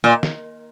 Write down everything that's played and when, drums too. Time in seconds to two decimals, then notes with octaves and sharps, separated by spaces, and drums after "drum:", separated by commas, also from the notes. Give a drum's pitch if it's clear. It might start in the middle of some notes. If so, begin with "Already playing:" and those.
0.04 A#2
0.23 drum: snare